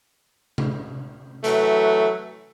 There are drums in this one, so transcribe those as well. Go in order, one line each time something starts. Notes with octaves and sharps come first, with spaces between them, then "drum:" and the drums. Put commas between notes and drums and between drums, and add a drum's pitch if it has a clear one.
drum: tom C3
E3 F#3 A3, drum: hi-hat